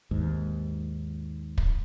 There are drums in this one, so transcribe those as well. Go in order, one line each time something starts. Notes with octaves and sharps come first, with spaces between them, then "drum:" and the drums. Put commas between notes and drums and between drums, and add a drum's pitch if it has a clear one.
D#2 G#2
drum: kick